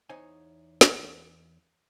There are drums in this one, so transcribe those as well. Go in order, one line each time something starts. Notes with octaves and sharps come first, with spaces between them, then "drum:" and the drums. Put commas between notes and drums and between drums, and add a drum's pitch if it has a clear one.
E2 D#4 C5 C#5 G#5
drum: snare